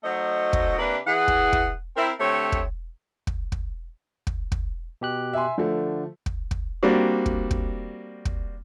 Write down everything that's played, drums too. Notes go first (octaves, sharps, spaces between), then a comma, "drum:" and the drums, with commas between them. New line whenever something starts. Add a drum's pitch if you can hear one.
F#3 A3 D#4 F#4 C5 D#5
drum: kick
C3 A#3 D4 B4
E3 G#4 F#5
drum: kick
drum: kick
C4 E4 A#4
D3 A3 C4 G4 C#5
drum: kick
drum: kick
drum: kick
drum: kick
drum: kick
B2 G4 F#6
E5 G#5 C6
D3 F3 A3
drum: kick
drum: kick
G3 A#3 C4 D4 F#4
drum: kick
drum: kick
drum: kick